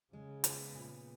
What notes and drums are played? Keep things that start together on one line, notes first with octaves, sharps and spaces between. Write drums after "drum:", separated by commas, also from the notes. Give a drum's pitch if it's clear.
C#3 G#3
B3, drum: hi-hat
A#2